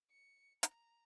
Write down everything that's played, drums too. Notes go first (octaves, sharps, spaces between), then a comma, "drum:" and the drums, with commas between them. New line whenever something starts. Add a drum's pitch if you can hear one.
C#7
A#5, drum: hi-hat